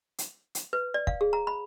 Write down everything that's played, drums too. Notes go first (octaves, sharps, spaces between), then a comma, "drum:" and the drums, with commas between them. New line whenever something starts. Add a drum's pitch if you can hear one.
drum: hi-hat
drum: hi-hat
B4
D5
F5, drum: kick
G#4
A#5
B5